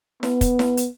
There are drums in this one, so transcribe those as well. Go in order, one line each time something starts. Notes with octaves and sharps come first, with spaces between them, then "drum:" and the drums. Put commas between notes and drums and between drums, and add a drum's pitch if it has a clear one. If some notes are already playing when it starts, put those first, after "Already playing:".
B3, drum: snare E4
drum: kick, hi-hat
drum: snare E4
drum: hi-hat